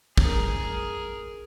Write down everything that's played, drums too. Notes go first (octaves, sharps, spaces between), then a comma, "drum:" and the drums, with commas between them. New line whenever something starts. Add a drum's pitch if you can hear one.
G#4 A#4, drum: kick